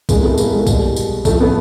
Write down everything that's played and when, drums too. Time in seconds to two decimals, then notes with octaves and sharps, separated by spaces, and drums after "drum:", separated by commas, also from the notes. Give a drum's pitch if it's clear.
0.09 A2 E3 G3 G#3 A#3, drum: kick, tambourine
0.23 A3 B3
0.38 G#3 A#3, drum: tambourine
0.52 G#3
0.67 B2 G3, drum: kick, tambourine
0.96 drum: tambourine
1.25 A2 F3 A3, drum: kick, tambourine
1.40 A3 B3